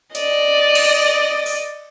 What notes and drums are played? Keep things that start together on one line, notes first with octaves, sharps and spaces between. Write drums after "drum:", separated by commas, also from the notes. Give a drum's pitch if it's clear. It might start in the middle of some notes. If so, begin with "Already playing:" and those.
D5 D#5, drum: cymbal
drum: cymbal
drum: open hi-hat